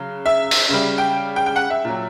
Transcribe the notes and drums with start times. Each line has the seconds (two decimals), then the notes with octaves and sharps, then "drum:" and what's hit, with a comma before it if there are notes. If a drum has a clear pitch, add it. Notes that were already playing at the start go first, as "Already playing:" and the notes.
Already playing: C#3 F#3
0.26 E5
0.51 drum: open hi-hat
0.69 C#3 G3
0.98 G5
1.36 G5
1.46 G5
1.56 F#5
1.70 E5
1.85 A#2 F#3